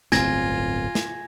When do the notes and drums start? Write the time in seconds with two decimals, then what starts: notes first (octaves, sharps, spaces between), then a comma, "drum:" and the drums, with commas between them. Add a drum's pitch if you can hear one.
0.12 D1 G1 C4 F4 G#5 G#6 A#6, drum: snare
0.95 drum: snare